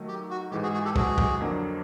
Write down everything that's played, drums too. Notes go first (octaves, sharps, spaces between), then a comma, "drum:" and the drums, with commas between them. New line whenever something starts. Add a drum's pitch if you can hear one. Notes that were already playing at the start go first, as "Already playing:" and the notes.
Already playing: D#3 F#3 A3
G4
F#4
G#2 E3 G#3 G4
F#4 G#4
F#4 G#4
G4 A4
F#4 G#4, drum: kick
drum: kick
F2 D3 F#3 A#3 D4